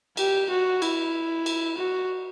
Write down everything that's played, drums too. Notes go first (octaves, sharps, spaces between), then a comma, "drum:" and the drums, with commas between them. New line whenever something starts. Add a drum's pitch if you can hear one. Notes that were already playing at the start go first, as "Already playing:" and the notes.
G4, drum: cymbal
F#4
E4, drum: cymbal
drum: cymbal
F#4